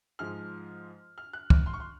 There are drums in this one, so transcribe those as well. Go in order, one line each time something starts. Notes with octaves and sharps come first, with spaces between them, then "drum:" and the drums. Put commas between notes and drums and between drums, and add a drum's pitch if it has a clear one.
G#2 F3 G#3 F6
F6
F#6
F6, drum: kick
C6
C#6
C6